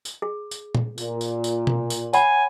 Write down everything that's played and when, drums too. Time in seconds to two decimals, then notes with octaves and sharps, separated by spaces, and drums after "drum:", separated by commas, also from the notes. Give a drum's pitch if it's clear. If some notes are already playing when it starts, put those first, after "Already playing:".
0.05 drum: tambourine
0.22 G#4
0.51 drum: tambourine
0.75 drum: tom A#2
0.98 A#2, drum: tambourine
1.21 drum: tambourine
1.44 drum: tambourine
1.67 drum: tom B2
1.90 drum: tambourine
2.13 C#5 F#5 G#5 B5, drum: tambourine